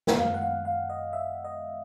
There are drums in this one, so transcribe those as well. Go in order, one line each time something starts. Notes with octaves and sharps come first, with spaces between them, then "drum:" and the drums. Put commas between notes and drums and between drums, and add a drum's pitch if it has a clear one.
drum: snare
F#2 D#3 G#3 B3 F5
F#5
F5
F5
D#5
E5
D#5